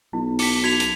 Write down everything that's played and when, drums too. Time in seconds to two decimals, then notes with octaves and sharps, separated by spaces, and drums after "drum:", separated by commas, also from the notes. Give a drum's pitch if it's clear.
0.13 B1 E4
0.39 D#4 D6 B6 C#7, drum: open hi-hat
0.64 F#4 G#6 B6 F7
0.80 drum: hi-hat